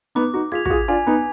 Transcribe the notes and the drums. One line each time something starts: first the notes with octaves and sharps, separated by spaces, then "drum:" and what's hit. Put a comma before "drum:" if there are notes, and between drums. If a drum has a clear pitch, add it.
B3 D#4 D6
D#4 F#4
F4 G#4 G#6 B6 F7
F#4, drum: kick
F4 G#4
D4 F4 G#5
B3 D#4